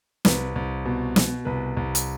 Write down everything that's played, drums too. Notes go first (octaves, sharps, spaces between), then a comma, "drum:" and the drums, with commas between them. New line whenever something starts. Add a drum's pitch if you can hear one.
C2 B4, drum: snare
C2
B2
B2, drum: snare
C2 B4
C2
drum: hi-hat